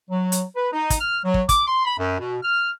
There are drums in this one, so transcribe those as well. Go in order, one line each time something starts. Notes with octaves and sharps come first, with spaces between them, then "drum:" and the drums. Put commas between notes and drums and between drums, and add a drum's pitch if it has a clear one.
F#3
drum: hi-hat
B4
D#4
drum: kick, hi-hat
F6
F#3
drum: kick
D6, drum: kick, hi-hat
C6
B5
F#2
B2
F6